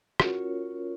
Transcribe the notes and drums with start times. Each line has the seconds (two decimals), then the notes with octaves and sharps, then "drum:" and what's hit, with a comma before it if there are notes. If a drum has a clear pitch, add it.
0.20 C#4 F4 F#4 A#4 C#5, drum: rim click